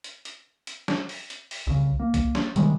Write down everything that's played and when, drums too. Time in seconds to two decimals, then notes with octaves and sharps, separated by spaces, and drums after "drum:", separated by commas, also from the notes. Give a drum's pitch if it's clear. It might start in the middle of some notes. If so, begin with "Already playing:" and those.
0.04 drum: hi-hat
0.25 drum: hi-hat
0.67 drum: hi-hat
0.88 drum: snare
1.09 drum: open hi-hat
1.30 drum: hi-hat
1.51 drum: open hi-hat
1.67 C2 C#3
2.00 A#3
2.14 drum: kick, hi-hat
2.35 drum: snare
2.56 C3 D#3 G3 G#3, drum: hi-hat